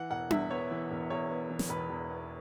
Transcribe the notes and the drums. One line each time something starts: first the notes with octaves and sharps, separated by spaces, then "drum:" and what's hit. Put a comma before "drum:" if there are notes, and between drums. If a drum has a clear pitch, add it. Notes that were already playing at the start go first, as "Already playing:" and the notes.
Already playing: E3 F#5
E1 F#5
E2 E5, drum: tom D4
B3 C#5
E3
E1
E2 C#5
B3
E3
drum: snare
E1 B4
E2
B3